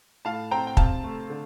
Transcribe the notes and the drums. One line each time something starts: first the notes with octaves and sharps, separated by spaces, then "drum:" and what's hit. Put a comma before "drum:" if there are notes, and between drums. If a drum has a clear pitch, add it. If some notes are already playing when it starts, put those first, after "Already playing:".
A2 F5 A5
C4 G5 A#5
G5
C3 F5 A5, drum: kick
A3
D3